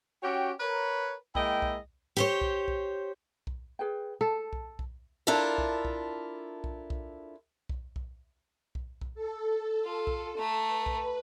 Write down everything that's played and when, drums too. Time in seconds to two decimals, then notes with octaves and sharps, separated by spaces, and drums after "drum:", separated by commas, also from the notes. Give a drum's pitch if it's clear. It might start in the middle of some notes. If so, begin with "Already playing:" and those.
0.23 C#4 F#4 G4 C#5 G5
0.60 A#4 B4 C#5
1.35 G#3 A#3 E4 D#5 G5, drum: kick B1
1.62 drum: kick B1
2.17 G4 C5 C#5
2.41 drum: kick B1
2.68 drum: kick B1
3.47 drum: kick B1
3.79 G#4 B4 G5
4.21 A4 A5
4.53 drum: kick B1
4.79 drum: kick B1
5.27 D4 E4 F4 A4 A#4
5.58 drum: kick B1
5.85 drum: kick B1
6.64 drum: kick B1
6.90 drum: kick B1
7.69 drum: kick B1
7.96 drum: kick B1
8.75 drum: kick B1
9.01 drum: kick B1
9.15 A4
9.85 F4
10.07 drum: kick B1
10.37 A3 A#5
10.68 B4
10.86 drum: kick B1